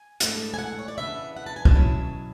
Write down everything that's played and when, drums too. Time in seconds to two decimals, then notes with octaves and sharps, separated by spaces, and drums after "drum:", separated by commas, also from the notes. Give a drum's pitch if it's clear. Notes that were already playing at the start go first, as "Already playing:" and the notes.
Already playing: G#5
0.20 G#2 E3 A3 D4, drum: hi-hat
0.54 G#5
0.59 F#5
0.79 C#5
0.88 D5
0.97 C#3 E3 B3 D4 E5
1.36 F#5
1.46 A5
1.56 G#5
1.65 A5, drum: kick
1.75 B2 F#3 C#4 E4